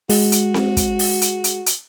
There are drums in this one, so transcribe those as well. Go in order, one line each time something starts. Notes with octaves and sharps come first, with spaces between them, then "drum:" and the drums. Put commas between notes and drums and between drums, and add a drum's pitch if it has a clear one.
G#3 F#4, drum: open hi-hat
drum: hi-hat
drum: snare C4
drum: kick, hi-hat
drum: open hi-hat
drum: hi-hat
drum: hi-hat
drum: hi-hat